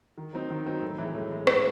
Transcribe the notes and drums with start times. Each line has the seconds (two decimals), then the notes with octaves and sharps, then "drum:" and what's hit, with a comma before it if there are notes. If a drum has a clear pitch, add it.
0.18 D#3
0.33 F#3 C4 D#4
0.50 D#3
0.66 F#3 C4 D#4
0.82 A2
0.98 E3 G#3
1.15 A2
1.31 E3 G#3
1.47 drum: rim click